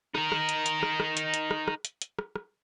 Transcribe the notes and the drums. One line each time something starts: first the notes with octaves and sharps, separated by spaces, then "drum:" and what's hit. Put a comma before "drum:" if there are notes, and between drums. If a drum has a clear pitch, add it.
D#4 A#4, drum: rim click
drum: rim click
drum: hi-hat
drum: hi-hat
drum: rim click
drum: rim click
drum: hi-hat
drum: hi-hat
drum: rim click
drum: rim click
drum: hi-hat
drum: hi-hat
drum: rim click
drum: rim click